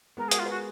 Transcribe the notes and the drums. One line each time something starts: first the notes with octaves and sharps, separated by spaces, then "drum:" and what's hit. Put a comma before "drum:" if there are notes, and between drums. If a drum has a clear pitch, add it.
G#3 B3 A#4
G#4
F#4 A#4, drum: hi-hat
F4
F#4 G#4 B4